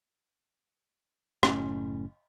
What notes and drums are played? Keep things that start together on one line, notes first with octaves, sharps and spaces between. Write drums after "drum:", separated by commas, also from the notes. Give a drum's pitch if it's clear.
F#1 A2 C#4, drum: rim click